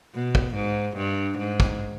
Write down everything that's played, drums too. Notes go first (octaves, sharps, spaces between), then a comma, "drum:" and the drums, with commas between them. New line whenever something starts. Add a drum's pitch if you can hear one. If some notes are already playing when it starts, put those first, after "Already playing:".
B2
drum: kick
G#2
G2
G#2
drum: kick